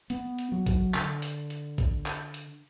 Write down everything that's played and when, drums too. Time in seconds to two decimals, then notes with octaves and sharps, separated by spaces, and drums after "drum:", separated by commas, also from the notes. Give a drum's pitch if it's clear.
0.10 B3, drum: hi-hat
0.38 drum: hi-hat
0.52 F#3
0.66 drum: kick, hi-hat
0.95 D3, drum: clap
1.22 drum: open hi-hat
1.50 drum: hi-hat
1.78 drum: kick, hi-hat
2.06 drum: clap
2.34 drum: hi-hat